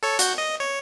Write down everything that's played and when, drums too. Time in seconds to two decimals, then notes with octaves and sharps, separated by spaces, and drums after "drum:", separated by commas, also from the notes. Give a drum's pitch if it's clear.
0.03 A4 C#5
0.19 F#4 G6, drum: hi-hat
0.38 D#5
0.60 C#5